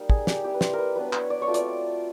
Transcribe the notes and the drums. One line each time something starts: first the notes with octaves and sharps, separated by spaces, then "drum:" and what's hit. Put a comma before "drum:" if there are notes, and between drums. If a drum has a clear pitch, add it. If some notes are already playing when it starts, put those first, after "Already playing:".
Already playing: G3 A#3 D#4
G#4, drum: kick
G4, drum: snare
G3 C4 E4 G4
B4
C5, drum: snare
A#4
B4
F#3 B3 D4 B4
C#5, drum: clap
D5
C#5
F#3 A3 C4 F4
D5, drum: hi-hat